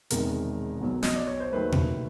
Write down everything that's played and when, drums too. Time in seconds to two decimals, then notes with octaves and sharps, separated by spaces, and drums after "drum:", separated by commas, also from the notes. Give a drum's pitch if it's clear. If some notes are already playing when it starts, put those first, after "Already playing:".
0.10 E1 E2 C3 D#3 G#3 A#4, drum: hi-hat
0.81 B1 B2 F#3
1.03 D#5, drum: snare
1.15 D5
1.27 C#5
1.40 C5
1.52 D#2 D#3 F#3 A3 B4
1.72 drum: tom B2